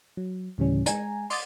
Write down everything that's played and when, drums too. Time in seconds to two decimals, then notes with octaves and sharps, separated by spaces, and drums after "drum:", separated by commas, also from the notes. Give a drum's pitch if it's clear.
0.17 F#3
0.58 D2 A2 C#3 E3 G3 C#4
0.86 G#3 G#5 A#5, drum: hi-hat
1.30 C6 D6 D#6 A6, drum: open hi-hat